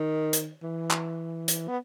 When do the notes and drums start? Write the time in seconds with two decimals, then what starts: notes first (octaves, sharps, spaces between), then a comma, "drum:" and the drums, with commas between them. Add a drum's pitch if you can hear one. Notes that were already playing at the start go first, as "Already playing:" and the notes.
Already playing: D#3
0.33 drum: hi-hat
0.62 E3
0.91 drum: clap
1.48 drum: hi-hat
1.68 B3